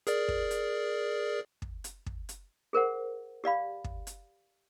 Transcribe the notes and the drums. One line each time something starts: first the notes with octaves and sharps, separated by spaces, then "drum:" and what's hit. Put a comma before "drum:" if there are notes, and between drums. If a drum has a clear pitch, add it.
G#4 A#4 D5, drum: hi-hat
drum: kick
drum: hi-hat
drum: kick
drum: hi-hat
drum: kick
drum: hi-hat
G#4 A#4 C5 F#5
G4 D5 F5 B5
drum: kick
drum: hi-hat